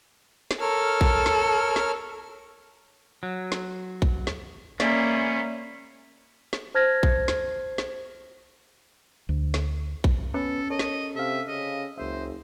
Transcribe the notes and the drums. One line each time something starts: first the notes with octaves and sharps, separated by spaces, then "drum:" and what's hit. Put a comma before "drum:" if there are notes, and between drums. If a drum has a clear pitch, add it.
drum: snare
A4 A#4 C#5 F6
drum: kick A#1
drum: snare
drum: snare
F#3
drum: snare
drum: kick A#1
drum: snare
G#3 A#3 B3 C#4 D5 E5, drum: snare
drum: snare
C5 A5 F6 G#6 A#6
drum: kick A#1
drum: snare
drum: snare
D2
drum: snare
drum: kick A#1
B3 C#4 A4 B4
A4 A#4 C#5 D#5
drum: snare
C3 A4 E5 F5
C#3 D#5
F#1 C#2 C5 E5